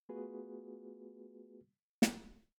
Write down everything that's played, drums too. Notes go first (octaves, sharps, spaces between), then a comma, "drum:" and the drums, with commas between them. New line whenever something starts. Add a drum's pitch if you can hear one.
A3 B3 F4 F#4 G#4 B4
drum: snare